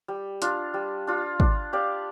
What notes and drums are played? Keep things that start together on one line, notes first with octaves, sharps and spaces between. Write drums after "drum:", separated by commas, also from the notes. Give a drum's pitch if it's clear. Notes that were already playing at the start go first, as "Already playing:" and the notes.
G3
D4 F4, drum: hi-hat
G3
D4 F4
D4, drum: kick
G4 D5 F5